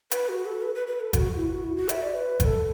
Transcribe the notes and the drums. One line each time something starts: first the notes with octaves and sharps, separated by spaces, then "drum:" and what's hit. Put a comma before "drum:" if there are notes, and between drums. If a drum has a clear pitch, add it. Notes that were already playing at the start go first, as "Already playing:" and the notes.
B4, drum: hi-hat
F#4
A4
B4
B4
B4
A4
F#4, drum: kick G1, hi-hat
E4
F#4
E4
F#4
E5, drum: hi-hat
D5
B4
B4, drum: kick G1, hi-hat
A4